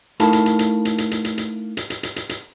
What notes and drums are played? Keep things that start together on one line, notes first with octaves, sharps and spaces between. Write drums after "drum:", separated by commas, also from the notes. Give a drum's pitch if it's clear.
A3 D#4 E4 A#4 F5 A5, drum: hi-hat
drum: hi-hat
drum: hi-hat
drum: hi-hat
drum: hi-hat
drum: hi-hat
drum: hi-hat
drum: hi-hat
drum: hi-hat
drum: hi-hat
drum: hi-hat
drum: hi-hat
drum: hi-hat
drum: hi-hat